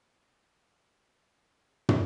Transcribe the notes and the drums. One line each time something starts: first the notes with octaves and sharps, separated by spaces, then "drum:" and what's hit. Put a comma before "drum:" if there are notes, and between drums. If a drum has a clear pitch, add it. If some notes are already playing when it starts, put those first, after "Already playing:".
D4 E4 G4 G#5
drum: tom